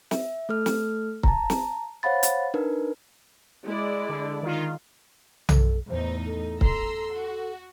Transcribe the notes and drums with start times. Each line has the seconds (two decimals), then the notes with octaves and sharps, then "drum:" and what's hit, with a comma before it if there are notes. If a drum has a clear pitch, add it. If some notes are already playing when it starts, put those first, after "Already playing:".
0.11 E5, drum: snare
0.49 A3 A4 F6
0.66 drum: snare
1.23 A5 A#5, drum: kick C#1
1.50 drum: snare
2.03 C5 C#5 F5 F#5 B5 A6
2.23 drum: hi-hat
2.54 D4 D#4 A#4 B4
3.64 G#3 E4 D5
4.09 D3
4.43 D#3 F4
5.49 A4, drum: tom B1
5.90 E2 A2 D#4 C5
6.26 A4
6.61 A4 A#5 C6 E6, drum: kick C#1
7.14 F#4